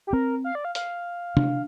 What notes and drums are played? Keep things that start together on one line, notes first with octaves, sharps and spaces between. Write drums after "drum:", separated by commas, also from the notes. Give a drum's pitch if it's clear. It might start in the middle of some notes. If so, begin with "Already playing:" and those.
G4
C4 A#4
F5
D5
F5
F5, drum: hi-hat
D4, drum: tom